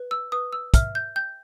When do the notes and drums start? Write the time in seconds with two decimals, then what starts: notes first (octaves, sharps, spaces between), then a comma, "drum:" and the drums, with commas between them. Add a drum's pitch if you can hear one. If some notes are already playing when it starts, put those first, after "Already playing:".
Already playing: B4
0.11 E6
0.32 B4 D#6
0.53 E6
0.74 E5 F6, drum: kick, hi-hat
0.95 G6
1.16 G5 G6